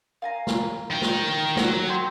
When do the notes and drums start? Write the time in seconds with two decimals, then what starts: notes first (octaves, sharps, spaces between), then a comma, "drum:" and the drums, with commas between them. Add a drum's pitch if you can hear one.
0.22 F5 G#5 A#5
0.47 drum: snare
0.91 D#3 G5
1.02 drum: snare
1.57 F#3, drum: snare
1.89 G4 C5 E5